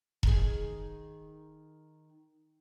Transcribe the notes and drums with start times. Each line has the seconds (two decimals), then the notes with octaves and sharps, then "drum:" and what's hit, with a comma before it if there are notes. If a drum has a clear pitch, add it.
0.23 D#3 G#4, drum: kick E1